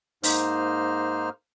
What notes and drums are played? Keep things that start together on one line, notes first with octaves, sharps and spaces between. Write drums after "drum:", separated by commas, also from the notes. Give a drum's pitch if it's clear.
G#2 A#3 D#4 C5 F6, drum: open hi-hat